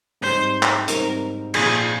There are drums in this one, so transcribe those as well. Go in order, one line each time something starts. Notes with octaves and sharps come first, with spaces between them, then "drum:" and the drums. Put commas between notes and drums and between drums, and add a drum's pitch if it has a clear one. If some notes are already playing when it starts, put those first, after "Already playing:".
G#2 G3 C4 D#4 C5
drum: clap
G#2 G3 C4 D#4 A#4, drum: hi-hat
A#2 F3 A#3 D4 G#4, drum: cymbal